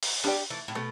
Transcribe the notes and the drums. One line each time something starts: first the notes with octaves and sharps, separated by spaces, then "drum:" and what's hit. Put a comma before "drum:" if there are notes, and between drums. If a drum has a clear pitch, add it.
drum: open hi-hat
G3 B3 D4 G4 D5
E3 A3
A2
B2 A3